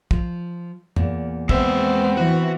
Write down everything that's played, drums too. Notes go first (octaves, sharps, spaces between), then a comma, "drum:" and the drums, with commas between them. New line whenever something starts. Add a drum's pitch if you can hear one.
F3, drum: kick
E2 A#2, drum: tom
G#3 B3 C4 E5, drum: kick
E3 F#4